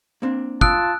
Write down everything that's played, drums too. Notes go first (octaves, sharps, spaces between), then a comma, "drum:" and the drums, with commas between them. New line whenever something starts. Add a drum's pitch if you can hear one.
A#3 C4 D4
F4 A5 D#6 E6 F#6 D7, drum: kick